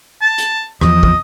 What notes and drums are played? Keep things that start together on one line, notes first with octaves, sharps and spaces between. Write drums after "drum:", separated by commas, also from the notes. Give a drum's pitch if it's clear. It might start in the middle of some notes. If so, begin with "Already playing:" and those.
A5
drum: hi-hat
E2 F3 D#5, drum: rim click
drum: kick